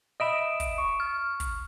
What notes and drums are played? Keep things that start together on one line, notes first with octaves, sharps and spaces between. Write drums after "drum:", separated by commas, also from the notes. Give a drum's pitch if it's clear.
D#5 E5 B5 D#6 D7 E7
drum: kick, hi-hat
C#6
F6
drum: kick, hi-hat